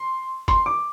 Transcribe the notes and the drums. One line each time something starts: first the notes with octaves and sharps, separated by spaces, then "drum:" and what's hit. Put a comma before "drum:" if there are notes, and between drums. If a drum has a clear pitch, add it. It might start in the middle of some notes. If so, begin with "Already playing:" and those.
Already playing: C6
C6, drum: kick, hi-hat
D6